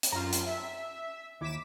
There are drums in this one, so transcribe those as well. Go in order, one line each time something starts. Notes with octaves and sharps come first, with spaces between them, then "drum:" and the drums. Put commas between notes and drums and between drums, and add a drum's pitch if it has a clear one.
drum: hi-hat
F#2 F4 A#5
drum: hi-hat
E5
D#2 E4 D6 B6 E7